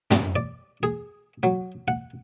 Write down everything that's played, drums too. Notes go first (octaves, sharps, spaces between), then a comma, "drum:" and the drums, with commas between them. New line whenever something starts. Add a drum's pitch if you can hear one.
G3, drum: tom
D5
G#4
F#3
F#5